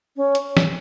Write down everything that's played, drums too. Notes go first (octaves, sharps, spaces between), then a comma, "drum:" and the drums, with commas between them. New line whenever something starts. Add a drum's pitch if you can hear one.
C#4
drum: hi-hat
drum: snare